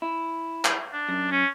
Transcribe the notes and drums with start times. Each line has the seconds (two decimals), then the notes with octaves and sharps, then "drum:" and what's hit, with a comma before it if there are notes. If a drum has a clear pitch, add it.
0.02 E4
0.65 drum: clap
0.93 D4
1.09 F#2
1.31 C#4